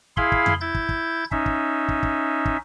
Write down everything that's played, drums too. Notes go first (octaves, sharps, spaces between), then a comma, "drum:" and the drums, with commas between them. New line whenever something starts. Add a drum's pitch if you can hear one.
E4 G#4 F5 B5 C6, drum: kick
drum: kick
drum: tom F2
E4 G6 A6
drum: kick
drum: kick
C#4 D#4 E5, drum: kick
drum: kick
drum: kick
drum: kick
drum: kick